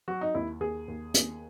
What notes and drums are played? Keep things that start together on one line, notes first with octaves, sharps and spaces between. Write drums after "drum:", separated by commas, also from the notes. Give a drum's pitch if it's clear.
F#3 F#4
D#4
D#2 E4
D#2 G#4
D#2
D#2, drum: hi-hat